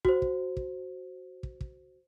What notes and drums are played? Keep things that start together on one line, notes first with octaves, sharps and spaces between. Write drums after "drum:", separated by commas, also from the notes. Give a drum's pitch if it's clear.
F#4 C5, drum: kick
drum: kick
drum: kick
drum: kick
drum: kick